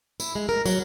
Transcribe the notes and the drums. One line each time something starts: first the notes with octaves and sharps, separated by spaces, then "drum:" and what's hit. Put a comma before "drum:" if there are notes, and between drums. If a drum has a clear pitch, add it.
E4, drum: tambourine
G#3
A#4
F#3, drum: tambourine